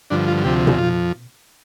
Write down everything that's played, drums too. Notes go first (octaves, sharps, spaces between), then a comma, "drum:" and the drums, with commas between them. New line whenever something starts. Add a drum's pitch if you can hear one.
G2 D3 F3 D4
F4
D2 C3 F3 G4
drum: tom B2
F2 F3 F4